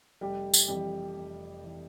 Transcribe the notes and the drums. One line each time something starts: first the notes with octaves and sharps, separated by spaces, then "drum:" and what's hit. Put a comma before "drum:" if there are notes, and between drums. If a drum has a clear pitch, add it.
F1 G3 G4
drum: tambourine
F2 E3 G3 G4
F1
E3